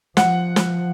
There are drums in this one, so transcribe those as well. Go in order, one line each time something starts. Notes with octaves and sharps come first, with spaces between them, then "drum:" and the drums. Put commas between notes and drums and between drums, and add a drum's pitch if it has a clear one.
F3 F#5, drum: snare
drum: snare